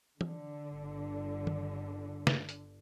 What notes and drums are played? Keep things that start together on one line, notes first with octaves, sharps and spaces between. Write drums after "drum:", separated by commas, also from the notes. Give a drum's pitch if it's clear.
D3, drum: tom
G1
drum: tom
drum: snare
drum: hi-hat